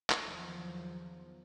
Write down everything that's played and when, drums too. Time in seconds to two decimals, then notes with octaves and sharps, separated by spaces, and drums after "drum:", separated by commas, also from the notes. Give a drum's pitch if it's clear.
0.10 drum: clap
0.25 E2 D#3 F3 F#3